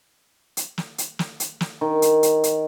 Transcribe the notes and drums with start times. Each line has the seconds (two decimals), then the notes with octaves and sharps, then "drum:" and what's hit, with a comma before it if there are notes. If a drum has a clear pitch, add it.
0.57 drum: hi-hat
0.78 drum: snare
0.98 drum: hi-hat
1.19 drum: snare
1.40 drum: hi-hat
1.61 drum: snare
1.81 D#3
2.02 drum: hi-hat
2.23 drum: hi-hat
2.44 drum: hi-hat